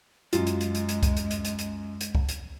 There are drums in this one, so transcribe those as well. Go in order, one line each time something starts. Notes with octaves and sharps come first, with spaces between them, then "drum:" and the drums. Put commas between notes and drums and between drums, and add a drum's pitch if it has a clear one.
F#2 G#3 F4, drum: hi-hat
drum: hi-hat
drum: hi-hat
drum: hi-hat
drum: hi-hat
drum: kick C2, hi-hat
drum: hi-hat
drum: hi-hat
drum: hi-hat
drum: hi-hat
drum: hi-hat
drum: kick C2
drum: hi-hat